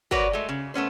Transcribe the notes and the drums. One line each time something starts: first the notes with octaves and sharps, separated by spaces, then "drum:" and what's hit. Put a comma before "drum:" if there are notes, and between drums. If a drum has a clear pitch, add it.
F#4 A#4 B4 C#5 D5, drum: kick
G#3 A3
C#3
A3 B3 C#4 C5